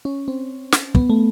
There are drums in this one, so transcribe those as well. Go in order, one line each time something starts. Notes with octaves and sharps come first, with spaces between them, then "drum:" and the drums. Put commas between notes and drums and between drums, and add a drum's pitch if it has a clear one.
C#4
C4
drum: snare
B3, drum: kick
A3